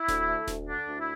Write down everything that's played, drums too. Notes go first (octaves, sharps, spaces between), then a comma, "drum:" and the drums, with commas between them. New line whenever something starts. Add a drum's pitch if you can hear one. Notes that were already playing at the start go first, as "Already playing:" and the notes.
Already playing: E4
D2, drum: snare D#1
A3
D2, drum: snare D#1
D3 D4
D2
E4